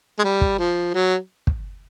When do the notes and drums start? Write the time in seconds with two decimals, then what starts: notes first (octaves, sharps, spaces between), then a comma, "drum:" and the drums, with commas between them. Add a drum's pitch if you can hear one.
0.19 G#3
0.24 G3
0.41 drum: kick
0.59 F3
0.94 F#3
1.47 drum: kick